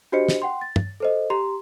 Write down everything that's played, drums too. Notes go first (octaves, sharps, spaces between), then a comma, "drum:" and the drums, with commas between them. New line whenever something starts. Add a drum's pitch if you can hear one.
D4 F#4 G4 C5 D#5 C#7
drum: snare
F#5 G5 C6
A6
drum: tom
A4 C5 D#5
G4 A#5 C6